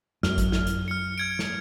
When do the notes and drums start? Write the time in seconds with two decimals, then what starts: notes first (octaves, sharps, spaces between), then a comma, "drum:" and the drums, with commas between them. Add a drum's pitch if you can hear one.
0.23 F#2 F6, drum: snare
0.38 drum: kick A1, hi-hat
0.52 drum: snare
0.67 drum: hi-hat
0.88 F6 C#7
1.18 F6 G#6 D7
1.39 drum: snare